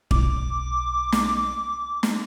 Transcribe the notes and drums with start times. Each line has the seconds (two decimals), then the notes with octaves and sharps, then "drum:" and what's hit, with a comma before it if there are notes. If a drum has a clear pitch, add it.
0.11 B1 D6, drum: kick
1.12 drum: snare
2.03 drum: snare